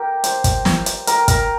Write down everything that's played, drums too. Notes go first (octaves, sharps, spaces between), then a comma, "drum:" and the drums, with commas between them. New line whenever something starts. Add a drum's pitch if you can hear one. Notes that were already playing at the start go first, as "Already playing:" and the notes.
Already playing: G4 A#4
C5, drum: hi-hat
drum: kick, hi-hat
drum: snare
drum: hi-hat
A#4, drum: hi-hat
A#4, drum: kick, hi-hat